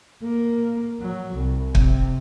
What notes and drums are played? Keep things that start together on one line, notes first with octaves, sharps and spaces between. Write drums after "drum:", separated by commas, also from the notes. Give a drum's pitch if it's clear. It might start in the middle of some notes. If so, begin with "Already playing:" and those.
A#3
F#3
C2
C3, drum: kick